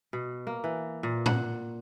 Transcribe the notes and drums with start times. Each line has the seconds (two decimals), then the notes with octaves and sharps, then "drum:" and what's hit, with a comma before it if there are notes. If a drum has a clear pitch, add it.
0.13 B2
0.47 A#3
0.64 E3
1.03 A#2
1.26 F#5, drum: tom A2